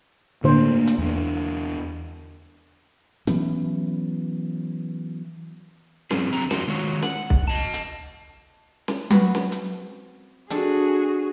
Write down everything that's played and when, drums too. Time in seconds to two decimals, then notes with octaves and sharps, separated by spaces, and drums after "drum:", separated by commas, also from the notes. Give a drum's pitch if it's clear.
0.44 A2 D3 A#3 C5
0.87 drum: hi-hat
0.98 E2 D4
3.27 E3 F#3 B3 C#4, drum: hi-hat
6.11 F#3 C4 C#4 F4 G#4, drum: snare
6.33 F2 D3 C4 G4 A#5
6.51 E2 D#4 F#4 C5, drum: snare
6.68 D#3 G#3 F4 F#4 C#5
7.02 F#5, drum: snare
7.30 drum: kick B1
7.48 D#5 A5
7.74 drum: hi-hat
8.88 drum: snare
9.10 C4 F#4 B4, drum: tom F#3
9.35 drum: snare
9.52 drum: hi-hat
10.50 C4 D4 F#4 G#4 A4, drum: hi-hat